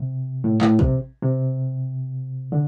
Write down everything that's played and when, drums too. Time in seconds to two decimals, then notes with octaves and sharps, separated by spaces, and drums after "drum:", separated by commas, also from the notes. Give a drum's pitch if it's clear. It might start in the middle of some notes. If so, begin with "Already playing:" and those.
Already playing: C3
0.44 A2
0.61 A2, drum: clap
0.79 C3, drum: kick
1.22 C3
2.52 D3